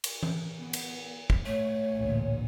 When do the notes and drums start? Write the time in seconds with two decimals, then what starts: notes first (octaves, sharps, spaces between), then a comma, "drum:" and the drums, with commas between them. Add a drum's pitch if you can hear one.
0.04 drum: cymbal
0.23 drum: tom E3
0.58 B3
0.73 drum: cymbal
1.30 drum: kick
1.46 A3 C#5
1.98 A1 D2 A#2